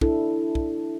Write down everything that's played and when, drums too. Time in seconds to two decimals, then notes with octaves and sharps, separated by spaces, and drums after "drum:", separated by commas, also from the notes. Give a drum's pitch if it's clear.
0.01 D4 E4 A4, drum: kick
0.55 drum: kick